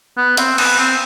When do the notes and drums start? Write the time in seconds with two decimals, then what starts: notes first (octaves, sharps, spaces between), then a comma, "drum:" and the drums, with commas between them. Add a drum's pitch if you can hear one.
0.17 B3
0.37 C4, drum: hi-hat
0.58 B3, drum: cymbal
0.79 C4